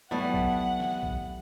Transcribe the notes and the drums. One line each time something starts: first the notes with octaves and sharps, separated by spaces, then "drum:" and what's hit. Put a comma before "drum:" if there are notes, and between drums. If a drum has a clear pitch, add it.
F#3 G3 A3 B3 E4 F#5
drum: kick A#1
drum: snare
drum: kick A#1